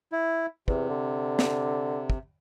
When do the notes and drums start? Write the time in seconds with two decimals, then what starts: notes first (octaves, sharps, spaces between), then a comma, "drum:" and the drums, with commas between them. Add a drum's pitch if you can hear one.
0.12 E4
0.68 E2 C3, drum: kick
0.90 D3
1.39 drum: snare
2.10 drum: kick